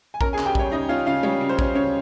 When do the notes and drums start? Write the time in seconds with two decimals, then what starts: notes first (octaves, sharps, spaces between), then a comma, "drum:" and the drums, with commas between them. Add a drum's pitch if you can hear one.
0.14 G#5
0.21 C#4 A#4 A#5, drum: kick A#1
0.33 G#4 G#5
0.38 C#3, drum: clap
0.46 G4 G5
0.55 G3 C#5, drum: kick A#1
0.72 C#3 D#4 D#5
0.89 C#4 F4 F5
1.06 C#3 F4 F5
1.23 G3 C#5, drum: tom G#3
1.41 C#3
1.49 C5
1.59 C#4, drum: kick A#1
1.75 C#3 C#5